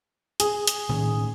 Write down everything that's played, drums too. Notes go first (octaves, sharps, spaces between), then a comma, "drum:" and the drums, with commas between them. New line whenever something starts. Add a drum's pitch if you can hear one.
G#4, drum: hi-hat
drum: hi-hat
A2 D#3 C#4